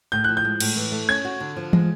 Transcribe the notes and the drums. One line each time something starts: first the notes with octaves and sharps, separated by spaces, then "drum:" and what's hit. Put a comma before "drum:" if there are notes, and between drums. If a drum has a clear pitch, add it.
A2 G6
F3 F#6
G6
G#3
A2, drum: cymbal
E3
A3
C#4 G#6
F#4
D3
F3
G#3, drum: tom